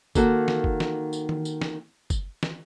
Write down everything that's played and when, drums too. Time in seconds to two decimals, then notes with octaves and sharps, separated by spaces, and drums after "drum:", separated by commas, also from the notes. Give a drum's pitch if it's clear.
0.15 D#3 A#3 F#4 A4, drum: kick F#1, tambourine
0.48 drum: snare
0.64 drum: kick F#1
0.80 drum: snare
1.13 drum: tambourine
1.29 drum: tom D#3
1.45 drum: tambourine
1.61 drum: snare
2.10 drum: kick F#1, tambourine
2.43 drum: snare